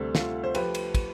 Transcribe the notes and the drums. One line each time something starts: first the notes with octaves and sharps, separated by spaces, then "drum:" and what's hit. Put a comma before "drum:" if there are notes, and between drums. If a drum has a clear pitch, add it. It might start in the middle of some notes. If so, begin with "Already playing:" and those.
Already playing: D2 C3 G3 A4 C5
F4 A4, drum: snare
C5
F3 A3 G4 B4, drum: cymbal
drum: cymbal
drum: kick, cymbal